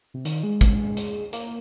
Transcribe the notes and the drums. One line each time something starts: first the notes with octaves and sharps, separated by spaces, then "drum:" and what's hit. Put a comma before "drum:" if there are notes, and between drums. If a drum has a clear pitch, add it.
C3
D#3, drum: hi-hat
G#3
drum: kick, hi-hat
drum: hi-hat
A#3, drum: hi-hat